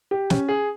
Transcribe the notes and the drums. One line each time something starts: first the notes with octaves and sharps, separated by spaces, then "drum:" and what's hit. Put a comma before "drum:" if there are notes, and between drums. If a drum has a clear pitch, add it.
G4
C#4, drum: snare
G#4